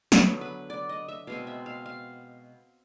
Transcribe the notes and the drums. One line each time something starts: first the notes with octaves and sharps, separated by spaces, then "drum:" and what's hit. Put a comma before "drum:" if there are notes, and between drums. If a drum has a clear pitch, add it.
D3 F#3 B3 E5, drum: snare
B4
D5
D#5
E5
B2 G#3 C4 F5
E5
F5
F5